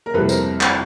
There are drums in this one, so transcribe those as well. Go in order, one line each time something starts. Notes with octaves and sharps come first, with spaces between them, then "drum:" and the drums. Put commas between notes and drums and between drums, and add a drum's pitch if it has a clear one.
A#4
F2 C3 E3 G3 A4 B4
A#4 C5, drum: tambourine
drum: clap